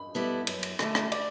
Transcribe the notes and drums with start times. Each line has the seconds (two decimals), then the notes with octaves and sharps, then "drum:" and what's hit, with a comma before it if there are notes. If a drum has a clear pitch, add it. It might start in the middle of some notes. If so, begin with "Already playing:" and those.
Already playing: B5
0.15 G3 B3 E4 A4
0.47 F#2, drum: cymbal
0.63 drum: cymbal
0.79 D3 A3, drum: rim click
0.95 drum: rim click
1.12 D5, drum: cymbal